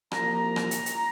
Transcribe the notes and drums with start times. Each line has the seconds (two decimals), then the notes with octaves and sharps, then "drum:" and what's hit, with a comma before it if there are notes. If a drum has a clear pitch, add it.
0.12 C2 A#2 F3 A#3 A#5, drum: rim click
0.34 A#5
0.56 drum: rim click
0.71 drum: hi-hat
0.86 drum: hi-hat